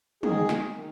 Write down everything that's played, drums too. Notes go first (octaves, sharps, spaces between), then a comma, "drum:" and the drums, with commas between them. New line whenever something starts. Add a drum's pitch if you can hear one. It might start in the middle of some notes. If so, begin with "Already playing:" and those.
G#2 D#3 G#4, drum: tom
drum: snare
D#3